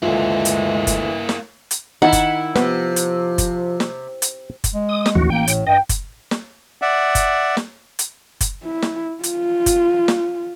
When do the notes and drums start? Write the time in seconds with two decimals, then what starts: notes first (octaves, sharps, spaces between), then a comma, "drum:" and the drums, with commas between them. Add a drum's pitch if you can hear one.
0.02 D2 E3 G#3 A#3 E4 F4
0.45 drum: hi-hat
0.87 drum: kick F#1, hi-hat
1.29 drum: snare
1.71 drum: hi-hat
2.02 D#3 D#4 E4 F#5
2.13 drum: kick F#1, hi-hat
2.55 C3 F3 B3, drum: snare
2.96 drum: hi-hat
3.38 drum: kick F#1, hi-hat
3.80 drum: snare
4.22 drum: hi-hat
4.64 drum: kick F#1, hi-hat
4.74 G#3
4.89 D#6
5.06 drum: snare
5.15 A1 D#2 F#4
5.30 A#3 G5
5.47 A2, drum: hi-hat
5.67 G2 D#5 G5
5.89 drum: kick F#1, hi-hat
6.31 drum: snare
6.82 D5 E5 F#5
7.15 drum: kick F#1, hi-hat
7.57 drum: snare
7.99 drum: hi-hat
8.41 drum: kick F#1, hi-hat
8.64 E4
8.82 drum: snare
9.23 F4, drum: hi-hat
9.66 drum: kick F#1, hi-hat
10.08 drum: snare